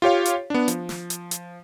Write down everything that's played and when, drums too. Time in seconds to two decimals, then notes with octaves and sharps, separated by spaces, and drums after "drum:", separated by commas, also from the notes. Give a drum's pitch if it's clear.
0.02 F4 G4 C#5 F5
0.25 drum: hi-hat
0.50 B3 D4
0.68 F3, drum: hi-hat
0.89 drum: snare
1.10 drum: hi-hat
1.31 drum: hi-hat